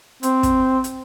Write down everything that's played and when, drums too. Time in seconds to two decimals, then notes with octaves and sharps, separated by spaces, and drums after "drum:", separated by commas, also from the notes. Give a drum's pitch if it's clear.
0.23 C4, drum: hi-hat
0.43 drum: kick, hi-hat
0.84 drum: hi-hat